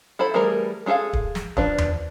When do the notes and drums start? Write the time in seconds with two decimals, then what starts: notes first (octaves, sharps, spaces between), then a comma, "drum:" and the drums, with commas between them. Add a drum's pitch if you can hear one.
0.19 E4 A4 C5 B5
0.34 E3 G3 A3 G#4 A#4
0.86 G#3 D#4 G#4 A4 F5
1.13 drum: kick
1.35 drum: snare
1.57 F3 D4 B4, drum: kick
1.78 drum: tom E2